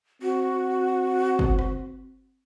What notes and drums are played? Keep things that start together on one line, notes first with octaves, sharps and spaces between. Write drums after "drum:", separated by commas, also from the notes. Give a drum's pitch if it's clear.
C4 F#4
drum: kick
drum: rim click